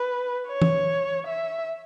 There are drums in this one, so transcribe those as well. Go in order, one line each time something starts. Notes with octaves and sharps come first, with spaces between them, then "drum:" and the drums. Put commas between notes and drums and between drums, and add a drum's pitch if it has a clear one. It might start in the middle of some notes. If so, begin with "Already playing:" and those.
Already playing: B4
C#5
drum: tom E3
E5